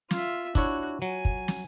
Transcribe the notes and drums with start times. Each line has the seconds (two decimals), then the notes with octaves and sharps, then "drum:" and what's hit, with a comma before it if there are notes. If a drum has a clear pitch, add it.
0.11 F4 E5, drum: snare
0.55 D4 E4 F#4 C#5, drum: kick
1.02 F#3 G#5
1.25 drum: kick
1.48 drum: snare